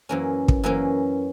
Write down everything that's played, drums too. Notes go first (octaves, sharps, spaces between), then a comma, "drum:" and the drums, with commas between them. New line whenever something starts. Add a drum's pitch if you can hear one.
F#2 E3 A#3 C#4
drum: kick
F#2 E3 A#3 C#4